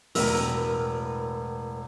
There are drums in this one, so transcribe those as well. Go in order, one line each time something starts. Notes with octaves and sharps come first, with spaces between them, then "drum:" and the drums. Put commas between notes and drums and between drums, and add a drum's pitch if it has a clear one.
E1 A2 A#4 B4 E6, drum: open hi-hat